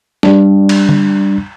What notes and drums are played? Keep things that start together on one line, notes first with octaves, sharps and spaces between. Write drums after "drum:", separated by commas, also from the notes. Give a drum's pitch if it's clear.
G3 D4, drum: snare
drum: cymbal
drum: tom D3